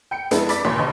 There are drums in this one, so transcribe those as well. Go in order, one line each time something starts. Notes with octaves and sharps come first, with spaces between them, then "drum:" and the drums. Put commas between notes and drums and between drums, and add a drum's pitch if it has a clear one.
G5 C#7
F2 G#3 B3 D4 E4, drum: hi-hat
D5 B5 D6 A6 B6, drum: hi-hat
D#2 A#2 C#5 C6
D2 B4 D#5